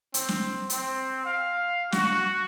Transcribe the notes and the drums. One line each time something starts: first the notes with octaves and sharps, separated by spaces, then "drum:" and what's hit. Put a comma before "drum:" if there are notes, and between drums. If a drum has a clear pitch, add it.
C4, drum: hi-hat
drum: snare
C4, drum: hi-hat
F5
F#4, drum: snare